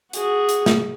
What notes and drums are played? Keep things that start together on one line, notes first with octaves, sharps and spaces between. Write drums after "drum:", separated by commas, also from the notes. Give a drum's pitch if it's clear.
F#4 G#4, drum: hi-hat
drum: hi-hat
drum: snare